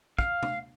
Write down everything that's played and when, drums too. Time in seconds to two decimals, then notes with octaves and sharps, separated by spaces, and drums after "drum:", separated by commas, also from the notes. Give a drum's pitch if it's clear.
0.19 F5, drum: kick
0.43 drum: tom